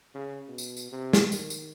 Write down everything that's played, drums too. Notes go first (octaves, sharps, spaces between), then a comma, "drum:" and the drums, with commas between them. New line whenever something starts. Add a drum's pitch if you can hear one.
C#3
B2
drum: tambourine
drum: tambourine
C3
drum: snare
D#3, drum: tambourine
drum: tambourine